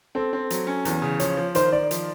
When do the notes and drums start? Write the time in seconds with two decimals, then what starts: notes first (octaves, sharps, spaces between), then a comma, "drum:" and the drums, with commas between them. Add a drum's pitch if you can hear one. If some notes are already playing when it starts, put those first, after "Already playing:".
0.15 C4 A4
0.33 C4
0.50 F#3, drum: hi-hat
0.67 C#4
0.85 E2, drum: hi-hat
1.02 C#3
1.20 F3 C#5, drum: hi-hat
1.37 F3
1.55 D#3 C5, drum: hi-hat
1.72 D#3 D5
1.91 F3, drum: hi-hat